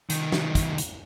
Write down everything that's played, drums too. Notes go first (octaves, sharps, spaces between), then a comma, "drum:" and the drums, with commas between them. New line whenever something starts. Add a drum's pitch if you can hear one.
C2 D#3, drum: hi-hat
drum: snare
drum: kick, hi-hat
drum: hi-hat